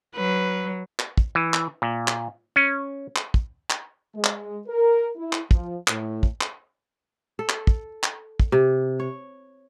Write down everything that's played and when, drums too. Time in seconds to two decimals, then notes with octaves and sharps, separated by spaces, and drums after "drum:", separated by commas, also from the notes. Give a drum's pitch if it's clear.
0.15 F#3 B4
0.99 drum: clap
1.17 drum: kick
1.35 E3
1.54 drum: clap
1.82 A#2
2.08 drum: clap
2.56 C#4
3.16 drum: clap
3.34 drum: kick
3.70 drum: clap
4.14 G#3
4.24 drum: clap
4.67 A#4
5.17 E4
5.33 drum: clap
5.51 F3, drum: kick
5.87 A2, drum: clap
6.23 drum: kick
6.41 drum: clap
7.39 A4
7.49 drum: clap
7.67 drum: kick
8.03 drum: clap
8.40 drum: kick
8.52 C3
9.00 C#5